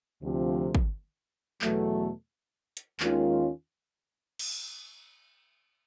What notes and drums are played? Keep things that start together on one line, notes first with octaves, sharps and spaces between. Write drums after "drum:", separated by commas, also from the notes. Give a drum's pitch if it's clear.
D2 C3 F3
drum: kick
E2 B2 F#3 A3, drum: clap
drum: hi-hat
D#2 D#3 G#3 C#4 F4, drum: clap
drum: cymbal